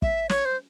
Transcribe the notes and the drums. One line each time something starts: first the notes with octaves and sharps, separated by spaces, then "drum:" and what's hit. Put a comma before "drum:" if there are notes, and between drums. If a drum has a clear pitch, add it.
E5, drum: kick
C#5, drum: snare
C5